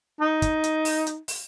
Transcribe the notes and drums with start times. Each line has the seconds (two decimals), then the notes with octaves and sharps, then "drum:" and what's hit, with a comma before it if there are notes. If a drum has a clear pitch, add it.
0.21 D#4
0.42 drum: kick, hi-hat
0.64 drum: hi-hat
0.85 drum: open hi-hat
1.07 drum: hi-hat
1.28 drum: open hi-hat